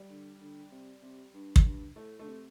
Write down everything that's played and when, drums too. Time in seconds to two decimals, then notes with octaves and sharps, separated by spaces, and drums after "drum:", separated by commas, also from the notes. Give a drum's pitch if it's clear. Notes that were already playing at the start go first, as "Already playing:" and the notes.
Already playing: G3
0.09 D3
0.41 D3
0.72 C3
1.02 C3
1.34 G2
1.56 F2, drum: kick
1.65 G2
1.96 A2 A3
2.19 D3 A3
2.28 C3